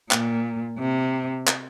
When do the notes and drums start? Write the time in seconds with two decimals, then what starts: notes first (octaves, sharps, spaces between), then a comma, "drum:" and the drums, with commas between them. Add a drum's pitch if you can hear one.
0.11 A#2, drum: clap
0.79 C3
1.47 drum: clap